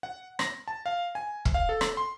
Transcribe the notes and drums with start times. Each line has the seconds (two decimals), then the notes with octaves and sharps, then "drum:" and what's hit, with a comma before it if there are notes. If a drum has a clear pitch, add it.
0.03 F#5
0.39 A#6, drum: rim click
0.68 A5
0.86 F5
1.15 G#5
1.45 drum: kick
1.54 F5
1.69 A4
1.81 drum: rim click
1.97 C6